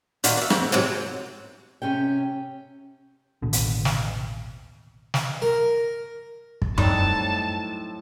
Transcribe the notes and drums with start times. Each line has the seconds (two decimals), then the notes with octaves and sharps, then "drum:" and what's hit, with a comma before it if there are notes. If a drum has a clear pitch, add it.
0.24 A#2 D#3 A#3 F#4, drum: hi-hat
0.37 D5 E5
0.50 F2, drum: rim click
0.72 G#2 C3 D#3 F#3
1.82 C3 C#4 G4 G5
3.42 A1 D#2 B2 D3
3.53 drum: hi-hat
3.85 drum: snare
5.14 drum: snare
5.42 A#4
6.62 drum: kick
6.78 A2 F#3 G3 C4 D#4 A5, drum: tom F#2